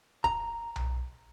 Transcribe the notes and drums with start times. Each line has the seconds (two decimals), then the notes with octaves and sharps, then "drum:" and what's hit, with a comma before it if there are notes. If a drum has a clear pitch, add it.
0.24 A#5, drum: kick D1
0.76 drum: tom B1